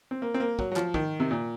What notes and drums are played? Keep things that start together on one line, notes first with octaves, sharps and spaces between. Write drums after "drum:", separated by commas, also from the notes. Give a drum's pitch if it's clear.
C4
A#3
C4
A#3
F#3, drum: kick
F#3
F3, drum: clap
D#3, drum: kick
C3
A#2